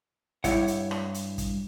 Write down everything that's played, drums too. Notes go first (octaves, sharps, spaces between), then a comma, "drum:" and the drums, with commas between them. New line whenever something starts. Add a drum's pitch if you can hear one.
G2 E4 C#5 F#5, drum: kick, hi-hat
drum: hi-hat
drum: rim click
drum: hi-hat
drum: kick, hi-hat